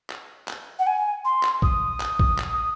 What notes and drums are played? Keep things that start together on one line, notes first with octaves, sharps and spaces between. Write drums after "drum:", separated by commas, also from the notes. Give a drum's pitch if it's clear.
drum: clap
drum: clap
F#5
G#5
C6
drum: clap
D#6, drum: kick
drum: clap
drum: kick
drum: clap